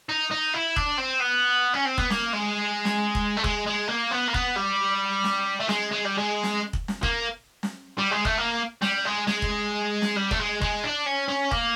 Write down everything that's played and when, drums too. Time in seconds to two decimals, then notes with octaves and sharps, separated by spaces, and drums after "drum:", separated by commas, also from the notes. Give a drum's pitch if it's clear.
0.09 D#4
0.31 D#4
0.54 E4
0.76 D4, drum: kick
0.98 C4
1.20 B3
1.74 C#4
1.85 C4
1.98 B3, drum: kick
2.10 A#3, drum: snare
2.33 G#3
2.85 drum: snare
3.15 drum: kick
3.37 A3
3.44 G#3, drum: kick
3.67 G#3
3.89 A#3
4.12 B3
4.28 A#3
4.34 B3, drum: kick
4.56 G3
5.24 drum: snare
5.60 A3
5.69 G#3, drum: snare
5.91 G#3
6.04 G3
6.18 G#3
6.43 drum: snare
6.73 drum: kick
6.88 drum: snare
7.03 A#3, drum: kick
7.63 drum: snare
7.98 G3
8.11 G#3
8.25 A3, drum: kick
8.38 A#3
8.82 G3, drum: snare
9.05 G#3
9.27 G#3, drum: snare
9.42 drum: kick
10.02 drum: snare
10.16 G3
10.31 A3, drum: kick
10.40 G#3
10.62 G#3, drum: kick
10.84 D4
11.06 C#4
11.29 C#4
11.51 A#3, drum: kick